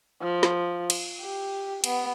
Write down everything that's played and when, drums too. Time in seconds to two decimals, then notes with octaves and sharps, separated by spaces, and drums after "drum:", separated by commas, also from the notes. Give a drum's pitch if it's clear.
0.21 F3
0.43 drum: snare
0.90 drum: cymbal
1.21 G4
1.84 B3, drum: cymbal